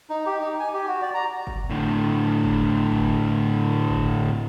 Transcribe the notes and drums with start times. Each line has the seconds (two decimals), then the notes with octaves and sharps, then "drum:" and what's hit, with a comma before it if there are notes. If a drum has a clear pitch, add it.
0.10 D#4
0.26 G4
0.40 D#4
0.60 G#5
0.74 G4
0.88 F#4
1.02 D5
1.14 A#5
1.47 drum: kick F#1
1.70 A2 D3
2.44 drum: kick F#1
2.92 drum: kick F#1
3.88 drum: kick F#1